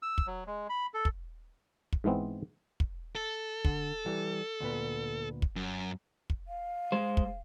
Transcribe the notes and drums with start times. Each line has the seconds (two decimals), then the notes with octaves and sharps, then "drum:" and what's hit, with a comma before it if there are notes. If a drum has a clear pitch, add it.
0.02 E6
0.18 drum: kick
0.27 F#3
0.47 G#3
0.69 B5
0.94 A4
1.05 drum: kick
1.93 drum: kick
2.04 G#2 E3 G#3 B3 C4
2.80 drum: kick
3.15 A4
3.65 D3, drum: kick
4.06 E3 G3
4.60 D2 A#2 B3
5.42 drum: kick
5.56 F#2
6.30 drum: kick
6.48 F5
6.92 G#3 C5
7.17 drum: kick